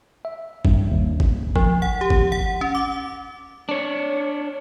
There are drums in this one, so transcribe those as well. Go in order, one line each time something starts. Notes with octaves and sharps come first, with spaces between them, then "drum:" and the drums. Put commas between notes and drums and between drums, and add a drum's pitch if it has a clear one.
E5
G2, drum: kick
D#2
drum: kick
F3, drum: kick
F#5
G4
drum: kick
F#5
C#4
D6
D4 C#5